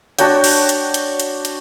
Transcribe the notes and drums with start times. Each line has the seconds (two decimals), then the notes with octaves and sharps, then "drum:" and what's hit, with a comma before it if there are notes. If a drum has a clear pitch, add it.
0.19 D4 F#4 C#5 G5, drum: hi-hat
0.44 drum: open hi-hat
0.69 drum: hi-hat
0.94 drum: hi-hat
1.20 drum: hi-hat
1.45 drum: hi-hat